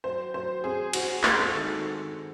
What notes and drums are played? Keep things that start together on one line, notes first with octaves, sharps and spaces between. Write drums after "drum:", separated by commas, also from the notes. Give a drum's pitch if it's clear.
F#3 C5
F#3 C5
C4 G#4
C4 F#4, drum: cymbal
G#3, drum: clap
A4
D#3